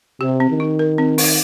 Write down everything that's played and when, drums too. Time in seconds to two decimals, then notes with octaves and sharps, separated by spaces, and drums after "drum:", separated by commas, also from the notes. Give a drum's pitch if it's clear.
0.21 C3 G4
0.40 C4
0.49 D#3
0.60 D#4
0.79 A#4
0.98 C4
1.18 D#4, drum: open hi-hat